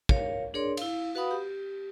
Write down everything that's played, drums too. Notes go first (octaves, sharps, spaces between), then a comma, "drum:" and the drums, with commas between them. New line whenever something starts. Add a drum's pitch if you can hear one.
A#4 C#5 F5, drum: kick
D4 G#4 A#4 C#5 D5 C6
E4 F5, drum: cymbal
F#4 B4 F5 F#5 B5 D#6
G4